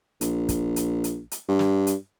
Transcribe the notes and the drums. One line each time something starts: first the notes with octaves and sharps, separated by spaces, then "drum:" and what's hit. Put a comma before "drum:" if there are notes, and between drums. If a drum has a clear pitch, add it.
A#1, drum: hi-hat
drum: kick, hi-hat
drum: hi-hat
drum: hi-hat
drum: hi-hat
G2
drum: snare
drum: hi-hat